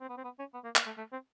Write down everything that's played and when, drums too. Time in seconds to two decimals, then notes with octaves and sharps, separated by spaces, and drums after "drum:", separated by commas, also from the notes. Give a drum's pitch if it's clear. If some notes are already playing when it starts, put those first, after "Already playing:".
0.01 C4
0.09 B3
0.17 C4
0.24 B3
0.39 C#4
0.54 B3
0.64 A#3
0.76 A#3, drum: clap
0.86 A3
0.98 A3
1.12 C4